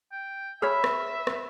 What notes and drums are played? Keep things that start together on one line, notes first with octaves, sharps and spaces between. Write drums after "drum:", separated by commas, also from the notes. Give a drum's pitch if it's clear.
G5
G#4 C#5 E5 B5 F6
drum: rim click
drum: rim click